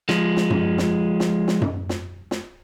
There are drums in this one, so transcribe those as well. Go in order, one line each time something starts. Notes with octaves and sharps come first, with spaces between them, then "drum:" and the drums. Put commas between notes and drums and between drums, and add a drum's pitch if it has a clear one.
F3 G#3, drum: snare
drum: snare
drum: tom F#2
drum: snare
drum: snare
drum: snare
drum: tom F#2
drum: snare
drum: snare